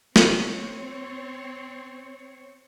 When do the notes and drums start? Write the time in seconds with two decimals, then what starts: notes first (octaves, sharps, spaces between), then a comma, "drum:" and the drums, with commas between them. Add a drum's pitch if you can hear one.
0.16 C4 C#5, drum: snare